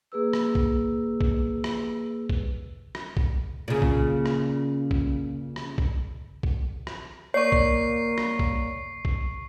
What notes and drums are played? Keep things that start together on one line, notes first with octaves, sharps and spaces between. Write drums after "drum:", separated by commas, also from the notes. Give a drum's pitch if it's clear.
A#3 G#4 B4 E6
drum: rim click
drum: kick A#1
drum: kick A#1
drum: rim click
drum: kick A#1
drum: rim click
drum: kick A#1
A#2 C#3
drum: kick A#1
drum: rim click
drum: kick A#1
drum: rim click
drum: kick A#1
drum: kick A#1
drum: rim click
A#3 C#5 D5 C#6 C7
drum: kick A#1
drum: rim click
drum: kick A#1
drum: kick A#1